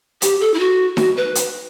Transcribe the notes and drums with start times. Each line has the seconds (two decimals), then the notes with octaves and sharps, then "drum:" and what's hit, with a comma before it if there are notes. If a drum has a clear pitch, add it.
0.22 G4, drum: hi-hat
0.40 A4
0.54 E4
0.59 F#4
0.97 F#4, drum: snare D#4
1.17 B4
1.35 drum: hi-hat